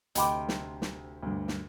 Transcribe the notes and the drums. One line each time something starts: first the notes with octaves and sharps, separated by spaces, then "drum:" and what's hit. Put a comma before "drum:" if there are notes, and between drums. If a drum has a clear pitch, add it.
D2 C3 D#5 G5 B5 D6, drum: hi-hat
drum: snare
drum: snare
D2 G2
drum: snare